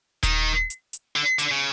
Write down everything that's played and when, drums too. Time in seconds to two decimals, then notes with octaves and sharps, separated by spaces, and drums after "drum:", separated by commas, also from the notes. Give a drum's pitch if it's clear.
0.23 D#3, drum: kick D#1, hi-hat
0.70 drum: hi-hat
0.93 drum: hi-hat
1.16 D3
1.39 D3, drum: hi-hat
1.51 C#3